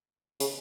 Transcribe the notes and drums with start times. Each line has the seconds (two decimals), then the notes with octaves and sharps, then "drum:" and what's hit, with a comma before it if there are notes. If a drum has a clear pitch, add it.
0.40 C#3, drum: hi-hat